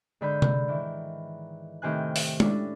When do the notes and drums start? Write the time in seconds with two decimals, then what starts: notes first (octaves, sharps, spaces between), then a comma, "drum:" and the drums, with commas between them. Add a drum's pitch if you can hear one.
0.21 G#2 D3 B5 G6
0.42 drum: tom C3
0.68 D#3 E3
1.82 A2 C3 D#3 C5 G#5 F#6
2.16 drum: open hi-hat
2.40 C#4 D4 A4, drum: tom G#3